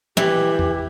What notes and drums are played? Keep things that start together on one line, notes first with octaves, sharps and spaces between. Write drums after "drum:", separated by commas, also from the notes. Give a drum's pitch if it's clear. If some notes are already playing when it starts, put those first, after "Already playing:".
E3 G4, drum: snare
drum: tom E2